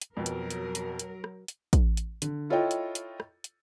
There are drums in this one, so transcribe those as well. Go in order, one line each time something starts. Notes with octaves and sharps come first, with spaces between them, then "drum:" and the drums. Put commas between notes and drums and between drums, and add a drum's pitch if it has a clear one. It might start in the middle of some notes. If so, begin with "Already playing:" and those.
drum: hi-hat
F2 B2 F#3 A#4
drum: hi-hat
drum: hi-hat
drum: hi-hat
drum: hi-hat
drum: rim click
drum: hi-hat
drum: kick, hi-hat
drum: hi-hat
D3, drum: hi-hat
E4 F4 A4 C#5 D#5 G5
drum: hi-hat
drum: hi-hat
drum: rim click
drum: hi-hat